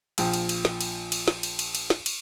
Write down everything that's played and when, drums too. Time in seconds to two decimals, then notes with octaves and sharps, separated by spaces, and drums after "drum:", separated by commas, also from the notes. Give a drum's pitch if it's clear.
0.18 A#1 F3 G5, drum: cymbal
0.34 drum: cymbal
0.49 drum: cymbal
0.65 drum: snare
0.81 drum: cymbal
1.12 drum: cymbal
1.28 drum: snare
1.43 drum: cymbal
1.59 drum: cymbal
1.75 drum: cymbal
1.90 drum: snare
2.06 drum: cymbal